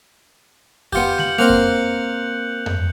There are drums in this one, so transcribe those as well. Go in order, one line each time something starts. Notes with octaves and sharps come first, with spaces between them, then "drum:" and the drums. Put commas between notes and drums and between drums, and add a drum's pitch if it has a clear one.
B3 F4 G4 G6 C#7, drum: kick F2
G6 F#7, drum: snare G#3
A#3 C4 A#4 F#6 C#7 F7
drum: kick F2
drum: tom F2